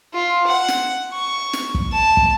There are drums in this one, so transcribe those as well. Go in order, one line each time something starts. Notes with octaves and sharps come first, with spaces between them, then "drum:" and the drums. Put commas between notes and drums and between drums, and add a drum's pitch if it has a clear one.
F4
F#5
drum: snare
C#6
drum: snare
drum: kick
A5
drum: kick